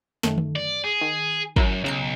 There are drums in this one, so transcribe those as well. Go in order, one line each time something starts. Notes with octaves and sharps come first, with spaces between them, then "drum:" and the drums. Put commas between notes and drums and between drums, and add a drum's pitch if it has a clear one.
F#2 D#3 A3, drum: snare
drum: tom D3
D5
G#4
D#3
F#2 F#3 E4 A#4, drum: kick
B1 C#3 A#5 C7